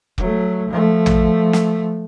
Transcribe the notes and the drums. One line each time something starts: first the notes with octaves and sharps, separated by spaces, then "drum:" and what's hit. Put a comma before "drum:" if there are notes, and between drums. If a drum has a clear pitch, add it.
F#3 A3, drum: kick
F3 A3
drum: tom
drum: snare